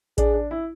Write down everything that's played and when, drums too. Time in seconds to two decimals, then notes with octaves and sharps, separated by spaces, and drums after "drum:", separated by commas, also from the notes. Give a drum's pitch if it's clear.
0.18 D4 G#4, drum: kick A1, hi-hat
0.34 D4
0.51 E4